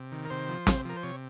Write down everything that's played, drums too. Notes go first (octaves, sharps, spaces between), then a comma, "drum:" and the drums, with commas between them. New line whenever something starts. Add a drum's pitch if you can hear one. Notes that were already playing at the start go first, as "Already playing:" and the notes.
Already playing: C3
D#3
A#4
C3 C5
F3
C3, drum: snare
F3 A#4
C5
C3 C#5